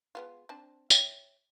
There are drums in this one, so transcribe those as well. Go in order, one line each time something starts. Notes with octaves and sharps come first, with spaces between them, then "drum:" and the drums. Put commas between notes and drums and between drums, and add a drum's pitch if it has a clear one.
G#3 B3 F4
C4 D4 A5
C#5 E5 G5, drum: tambourine